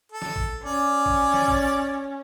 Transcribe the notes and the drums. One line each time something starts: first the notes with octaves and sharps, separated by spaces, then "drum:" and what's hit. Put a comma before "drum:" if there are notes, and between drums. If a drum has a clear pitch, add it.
A4
drum: snare
drum: kick G#1
C#4 D5
drum: kick G#1
drum: snare
drum: kick G#1